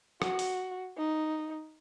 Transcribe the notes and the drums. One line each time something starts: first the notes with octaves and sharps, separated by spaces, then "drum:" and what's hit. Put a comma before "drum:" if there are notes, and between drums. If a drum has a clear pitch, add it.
F#4, drum: rim click
drum: open hi-hat
D#4